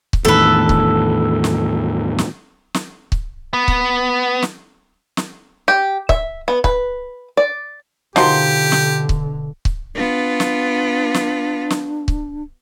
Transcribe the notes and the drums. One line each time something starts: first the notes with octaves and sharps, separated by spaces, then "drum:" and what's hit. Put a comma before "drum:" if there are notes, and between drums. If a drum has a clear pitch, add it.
drum: kick C#1
E2 A2 D#3 A4 B4
drum: kick C#1
drum: snare
drum: snare
drum: snare
drum: kick C#1
B3
drum: kick C#1
drum: snare
drum: snare
G4
E5, drum: kick C#1
B3
B4, drum: kick C#1
D5
B2 D3 F3 D#4 F#4 G4 A#4 C6, drum: snare
drum: snare
drum: kick C#1
drum: kick C#1
B3 D4 F4
drum: snare
drum: snare
drum: snare
drum: kick C#1